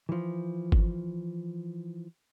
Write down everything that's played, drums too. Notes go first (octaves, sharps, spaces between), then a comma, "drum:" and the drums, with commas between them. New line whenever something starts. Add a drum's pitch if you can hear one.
E3 F3
drum: kick G1